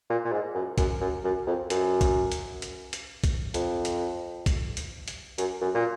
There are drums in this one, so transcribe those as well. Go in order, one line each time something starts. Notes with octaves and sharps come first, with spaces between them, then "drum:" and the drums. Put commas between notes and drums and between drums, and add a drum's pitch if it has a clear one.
A#2
A#2
G#2
F#2
F#2, drum: kick, hi-hat
F#2
F#2
F2
F#2, drum: hi-hat
drum: kick, hi-hat
drum: hi-hat
drum: hi-hat
drum: hi-hat
drum: kick, hi-hat
F2, drum: hi-hat
drum: hi-hat
drum: kick, hi-hat
drum: hi-hat
drum: hi-hat
F#2, drum: hi-hat
F#2
A#2